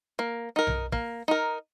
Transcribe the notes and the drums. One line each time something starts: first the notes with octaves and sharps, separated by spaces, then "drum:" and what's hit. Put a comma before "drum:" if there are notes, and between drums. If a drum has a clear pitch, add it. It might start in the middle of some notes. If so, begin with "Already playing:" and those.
A#3
D#4 A#4
drum: tom B1
A#3, drum: kick
D#4 A#4